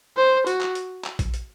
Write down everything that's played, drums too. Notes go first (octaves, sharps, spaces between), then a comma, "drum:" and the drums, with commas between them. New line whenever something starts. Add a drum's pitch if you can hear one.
C5
F#4, drum: hi-hat
drum: clap
drum: hi-hat
drum: clap
drum: kick, hi-hat
drum: hi-hat